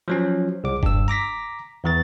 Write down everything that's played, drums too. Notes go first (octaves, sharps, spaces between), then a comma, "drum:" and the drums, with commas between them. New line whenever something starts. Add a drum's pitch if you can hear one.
F3 F#3 C#4
C2 D6
G2 E6, drum: kick F1
A#5 D6 A#6 B6
E2 E3 A6